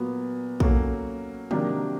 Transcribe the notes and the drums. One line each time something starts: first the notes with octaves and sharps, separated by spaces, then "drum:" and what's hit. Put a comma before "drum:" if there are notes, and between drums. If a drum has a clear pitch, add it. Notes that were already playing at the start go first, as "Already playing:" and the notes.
Already playing: A#2 F#3 B3
F#3 A#3 C#4 F#4 A4, drum: kick
C3 D#3 F#3 A#3 D4, drum: tom